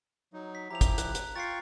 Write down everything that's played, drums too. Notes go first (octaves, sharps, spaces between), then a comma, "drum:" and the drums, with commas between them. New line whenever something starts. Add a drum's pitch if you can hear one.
F#3 D#4
B6
F3 E4 G4 A#5 F7
drum: kick, hi-hat
F#6, drum: hi-hat
drum: hi-hat
F4 G5 C#6 A6 C7